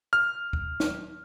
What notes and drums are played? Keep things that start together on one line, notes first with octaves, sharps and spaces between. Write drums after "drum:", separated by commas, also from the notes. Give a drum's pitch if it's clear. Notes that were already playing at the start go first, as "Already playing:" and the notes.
F6
drum: kick D#2
drum: snare